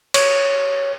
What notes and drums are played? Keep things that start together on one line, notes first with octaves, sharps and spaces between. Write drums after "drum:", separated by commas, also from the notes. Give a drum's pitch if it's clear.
C#5, drum: cymbal